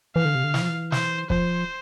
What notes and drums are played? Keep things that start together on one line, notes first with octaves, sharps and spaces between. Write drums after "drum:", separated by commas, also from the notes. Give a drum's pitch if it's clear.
E3 F5
D3
C3
D3
E3, drum: snare
F3
E3
C5, drum: snare
F3 C5, drum: kick